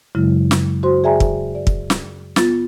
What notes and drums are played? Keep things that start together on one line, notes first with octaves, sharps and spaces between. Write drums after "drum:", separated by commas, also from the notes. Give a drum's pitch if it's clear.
F#2 C#3 F#3 G#3 E4
drum: snare
F#4 C5 C6
G#4 D5 E5 G5 G#5 A#5
drum: kick
D5
drum: kick
drum: snare
B3 F4 A6, drum: snare